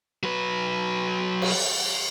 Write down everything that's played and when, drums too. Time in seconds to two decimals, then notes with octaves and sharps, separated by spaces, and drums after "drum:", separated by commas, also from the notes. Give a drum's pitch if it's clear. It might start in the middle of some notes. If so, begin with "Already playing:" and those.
0.23 F#3 B4
1.42 drum: cymbal